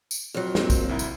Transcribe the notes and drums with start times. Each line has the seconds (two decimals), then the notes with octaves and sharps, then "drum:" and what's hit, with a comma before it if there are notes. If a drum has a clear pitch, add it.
0.11 drum: tambourine
0.34 F2 F#3
0.55 A#3 C4, drum: snare
0.70 drum: kick, tambourine
0.89 C2 E4 A#5
0.99 drum: tambourine